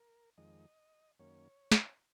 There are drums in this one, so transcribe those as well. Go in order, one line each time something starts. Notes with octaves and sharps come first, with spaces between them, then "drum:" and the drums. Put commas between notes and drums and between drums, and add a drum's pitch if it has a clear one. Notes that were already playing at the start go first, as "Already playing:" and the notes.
Already playing: A#4
F2 D#3 G#3 D#5
F#2 D#3 A#3 C#4 C#5
drum: snare